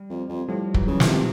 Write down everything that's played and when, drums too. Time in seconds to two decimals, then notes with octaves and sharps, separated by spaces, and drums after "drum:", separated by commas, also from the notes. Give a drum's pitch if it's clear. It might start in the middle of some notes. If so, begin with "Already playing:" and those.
Already playing: G3
0.10 F2
0.29 F2
0.48 A2 F3 G3
0.74 E3 F#3, drum: kick
0.88 C#3 E3
1.00 D#3 F3, drum: snare
1.07 C3